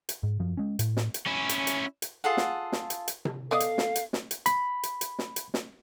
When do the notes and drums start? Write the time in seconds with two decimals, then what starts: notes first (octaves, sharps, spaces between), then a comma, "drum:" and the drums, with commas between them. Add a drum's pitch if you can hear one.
0.09 drum: hi-hat
0.23 G#2
0.40 F#2 F3
0.57 G#3 C#4
0.79 A2, drum: hi-hat
0.97 drum: snare
1.14 drum: hi-hat
1.26 C#4 E4
1.49 drum: hi-hat
1.67 drum: hi-hat
2.02 drum: hi-hat
2.24 F4 G#4 A4 F#5
2.37 drum: snare
2.72 drum: snare
2.90 drum: hi-hat
3.08 drum: hi-hat
3.25 drum: tom C3
3.51 B3 A4 D5 D#5 F5
3.60 drum: hi-hat
3.78 drum: snare
3.96 drum: hi-hat
4.13 drum: snare
4.31 drum: hi-hat
4.46 B5, drum: hi-hat
4.83 drum: hi-hat
5.01 drum: hi-hat
5.19 drum: snare
5.36 drum: hi-hat
5.54 drum: snare